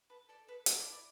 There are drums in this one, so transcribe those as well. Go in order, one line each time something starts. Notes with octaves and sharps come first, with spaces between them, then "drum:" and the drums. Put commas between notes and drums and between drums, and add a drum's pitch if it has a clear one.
A4 B4
A4 D5
A4 B4
A4 F#5, drum: hi-hat
D5
E4
D5